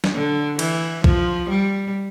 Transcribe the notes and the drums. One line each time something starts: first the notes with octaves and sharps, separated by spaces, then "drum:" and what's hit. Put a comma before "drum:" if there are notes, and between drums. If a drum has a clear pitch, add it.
drum: snare
D3
E3, drum: cymbal
F3, drum: kick B1
G3